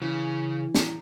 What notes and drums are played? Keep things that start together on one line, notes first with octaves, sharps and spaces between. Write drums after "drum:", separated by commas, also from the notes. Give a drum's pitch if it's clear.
C#3 E3
drum: snare